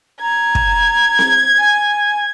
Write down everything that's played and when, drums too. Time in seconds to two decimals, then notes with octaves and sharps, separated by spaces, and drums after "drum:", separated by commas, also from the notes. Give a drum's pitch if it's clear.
0.21 A#5 G#6
0.55 drum: kick
1.19 drum: snare C4
1.59 G#5